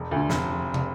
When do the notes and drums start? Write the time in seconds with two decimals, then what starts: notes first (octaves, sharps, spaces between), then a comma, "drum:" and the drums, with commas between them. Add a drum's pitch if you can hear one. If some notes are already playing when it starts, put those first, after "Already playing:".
Already playing: E1
0.11 D2 D3
0.30 F1, drum: snare
0.74 drum: tom